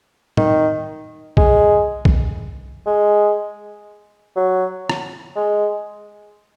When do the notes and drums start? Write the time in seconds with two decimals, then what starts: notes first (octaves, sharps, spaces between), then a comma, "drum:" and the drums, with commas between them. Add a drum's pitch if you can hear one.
0.37 D#3, drum: tom
1.37 G#3, drum: kick B1
2.05 drum: kick B1
2.86 G#3
4.36 F#3
4.89 drum: rim click
5.36 G#3